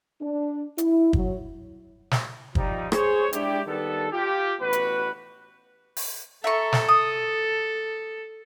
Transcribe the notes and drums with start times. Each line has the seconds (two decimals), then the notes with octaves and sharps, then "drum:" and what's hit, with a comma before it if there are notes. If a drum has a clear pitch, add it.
0.20 D4
0.78 E4, drum: hi-hat
1.13 F#3, drum: kick
2.11 drum: snare
2.55 F3 G3 D#4, drum: kick
2.92 G#4 C5 C#5, drum: rim click
3.33 G#3 D4 E4 G4, drum: hi-hat
3.66 D#3 G3 B3 A4
4.12 F4 G4
4.60 A1 B2 F#4 B4
4.73 drum: hi-hat
5.97 drum: open hi-hat
6.44 A4 E5 A#5 C#6
6.73 drum: snare
6.88 D#6